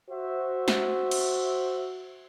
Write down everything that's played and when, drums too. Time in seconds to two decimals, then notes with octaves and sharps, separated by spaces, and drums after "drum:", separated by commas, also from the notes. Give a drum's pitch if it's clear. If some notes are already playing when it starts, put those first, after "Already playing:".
0.11 F#4 C5 E5
0.68 drum: snare
1.11 drum: cymbal